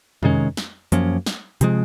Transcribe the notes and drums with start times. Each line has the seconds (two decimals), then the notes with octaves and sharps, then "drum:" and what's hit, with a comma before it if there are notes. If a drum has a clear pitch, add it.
0.23 C3 D#3 G#3 C#4, drum: tom F2
0.57 drum: snare
0.92 F#2 F3 A#3 C#4, drum: hi-hat
1.26 drum: snare
1.61 C3 F3 G#3, drum: hi-hat